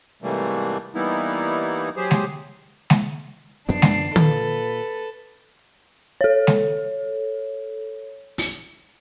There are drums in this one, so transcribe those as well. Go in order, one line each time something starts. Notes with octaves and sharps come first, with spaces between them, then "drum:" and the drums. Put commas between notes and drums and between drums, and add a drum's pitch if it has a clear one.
G#2 C3 E3 G3 A3 A#3
E3 G3 A#3 B3 D#4 E4
F#3 G4 G#4 C5
drum: snare G#3
drum: snare G#3
F#2 F3 B3 D4 C7
drum: snare G#3
A#2 A4 B4, drum: tom
A4 C#5
drum: snare G#3
drum: open hi-hat